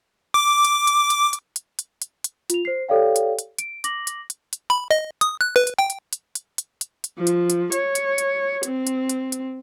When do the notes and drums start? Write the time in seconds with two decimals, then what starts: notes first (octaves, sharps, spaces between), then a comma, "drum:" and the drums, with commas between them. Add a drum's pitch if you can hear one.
0.34 D6
0.65 drum: hi-hat
0.87 drum: hi-hat
1.10 drum: hi-hat
1.33 drum: hi-hat
1.56 drum: hi-hat
1.79 drum: hi-hat
2.02 drum: hi-hat
2.24 drum: hi-hat
2.50 F4 F7, drum: hi-hat
2.65 C5 C7
2.89 G4 A4 C#5 D5 F5 G5
3.16 drum: hi-hat
3.39 drum: hi-hat
3.58 D7, drum: hi-hat
3.84 D6 A#6 F#7, drum: hi-hat
4.07 drum: hi-hat
4.30 drum: hi-hat
4.53 drum: hi-hat
4.70 B5
4.91 D#5
5.21 D#6, drum: hi-hat
5.41 F#6
5.56 B4
5.67 drum: hi-hat
5.78 G5
5.90 drum: hi-hat
6.13 drum: hi-hat
6.35 drum: hi-hat
6.58 drum: hi-hat
6.81 drum: hi-hat
7.04 drum: hi-hat
7.16 F3
7.27 drum: hi-hat
7.50 drum: hi-hat
7.72 C#5, drum: hi-hat
7.95 drum: hi-hat
8.18 drum: hi-hat
8.63 C4, drum: hi-hat
8.87 drum: hi-hat
9.09 drum: hi-hat
9.32 drum: hi-hat